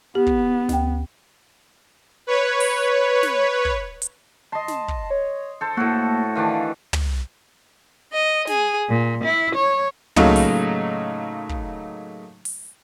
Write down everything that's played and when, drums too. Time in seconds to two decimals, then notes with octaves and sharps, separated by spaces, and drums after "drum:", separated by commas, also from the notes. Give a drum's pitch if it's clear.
0.15 B3 G4
0.26 drum: kick
0.69 D2 G5, drum: snare
2.27 B4 C#5
2.60 drum: open hi-hat
3.23 drum: snare
3.65 drum: kick
4.02 drum: hi-hat
4.52 D#5 A5 C6
4.68 drum: snare
4.88 drum: kick
5.10 C#5
5.61 A4 C5
5.77 A2 A#3 F#4
6.35 D#3 E3 D4 F5
6.93 drum: tom
8.13 D#5
8.47 G#4, drum: snare
8.90 A#2
9.23 E4
9.54 C#5
10.16 A2 C#3 F#3 A3 A#3 D#4, drum: tom
10.36 drum: open hi-hat
11.49 drum: kick
12.45 drum: open hi-hat